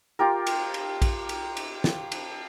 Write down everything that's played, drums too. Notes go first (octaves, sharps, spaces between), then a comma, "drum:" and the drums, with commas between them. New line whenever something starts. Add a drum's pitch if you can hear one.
F4 G4 A#4
drum: cymbal
drum: cymbal
drum: kick A#1, cymbal
drum: cymbal
drum: cymbal
drum: snare
drum: cymbal